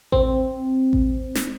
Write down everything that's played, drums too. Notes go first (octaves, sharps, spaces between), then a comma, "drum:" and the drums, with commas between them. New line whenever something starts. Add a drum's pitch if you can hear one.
C4, drum: kick A1
drum: kick A1
drum: snare